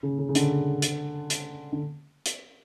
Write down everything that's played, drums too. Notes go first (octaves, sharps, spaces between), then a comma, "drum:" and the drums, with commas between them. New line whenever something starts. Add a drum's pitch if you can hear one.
C#3
C#3
C#3
D3, drum: hi-hat
drum: hi-hat
drum: hi-hat
D3
drum: hi-hat